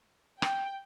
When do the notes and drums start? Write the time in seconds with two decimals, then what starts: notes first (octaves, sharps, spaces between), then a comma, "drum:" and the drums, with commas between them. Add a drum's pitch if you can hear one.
0.42 G5, drum: rim click